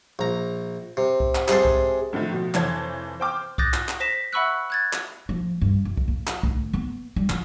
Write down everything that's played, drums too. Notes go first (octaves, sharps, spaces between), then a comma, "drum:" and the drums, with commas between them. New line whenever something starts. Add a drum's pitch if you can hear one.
A#1 A#5
C3
drum: kick C2
drum: clap
C3 G#3 G#4 A4 C5, drum: clap
drum: kick C2
A2 D3 D#3 F3 A3
B2 F3
F1 E3 C5 C#5 A5 G#6, drum: clap
C5 G5 D6 F6
D6 D#6 F#6 G6 A6 A#6, drum: kick C2
drum: clap
drum: clap
C5 A#6 B6 E7
E5 F#5 B5 C#6 E6 F#6
F#6 G#6 A6
drum: clap
F3
G2
F#2
drum: kick C2
F2
drum: clap
D2, drum: kick C2
B3
G3
F3, drum: clap